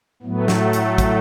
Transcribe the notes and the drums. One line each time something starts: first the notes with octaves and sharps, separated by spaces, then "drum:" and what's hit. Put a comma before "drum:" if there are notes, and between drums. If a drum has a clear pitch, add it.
A2 F#3 A3 B3
drum: snare
drum: hi-hat
drum: kick, hi-hat